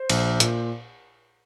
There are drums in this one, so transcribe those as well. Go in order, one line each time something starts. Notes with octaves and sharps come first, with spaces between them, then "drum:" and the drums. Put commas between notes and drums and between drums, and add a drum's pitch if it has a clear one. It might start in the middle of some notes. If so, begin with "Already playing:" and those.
Already playing: C5
A#1, drum: cymbal
A#2, drum: hi-hat